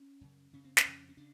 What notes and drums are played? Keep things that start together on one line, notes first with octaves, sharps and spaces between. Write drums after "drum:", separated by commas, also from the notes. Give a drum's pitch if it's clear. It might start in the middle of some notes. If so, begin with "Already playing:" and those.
Already playing: C#4
F#2 C#3
F#2 C#3 C#4
C4
C#4, drum: snare
F2 C#3
C#4
C#3 D4